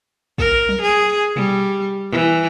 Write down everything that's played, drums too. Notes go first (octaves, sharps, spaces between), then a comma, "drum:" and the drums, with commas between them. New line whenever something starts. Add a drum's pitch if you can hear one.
A#4, drum: kick
drum: tom F#3
G#4
G3, drum: tom B2
E3